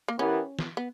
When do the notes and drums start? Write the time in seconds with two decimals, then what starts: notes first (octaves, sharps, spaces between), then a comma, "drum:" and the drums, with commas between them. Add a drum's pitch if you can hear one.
0.08 A#3
0.18 E3 B3 C#4 E4 G4 A#4
0.59 drum: snare
0.77 B3